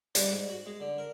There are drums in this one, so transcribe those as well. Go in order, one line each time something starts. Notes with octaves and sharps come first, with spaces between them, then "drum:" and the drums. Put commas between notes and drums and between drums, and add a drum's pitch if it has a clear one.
G3, drum: hi-hat
G#2
F#4
G#3
D3
A#4